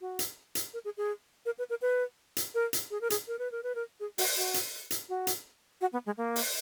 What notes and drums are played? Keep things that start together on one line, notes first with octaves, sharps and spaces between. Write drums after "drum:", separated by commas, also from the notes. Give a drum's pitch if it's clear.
F#4
drum: hi-hat
drum: hi-hat
A#4
G#4
G#4
A#4
B4
A#4
B4
drum: hi-hat
A#4
drum: hi-hat
G#4
A#4
G#4, drum: hi-hat
A#4
B4
A#4
B4
A#4
G#4
F#4, drum: open hi-hat
F#4
drum: hi-hat
drum: hi-hat
F#4
drum: hi-hat
F#4
B3
G#3
A#3
drum: open hi-hat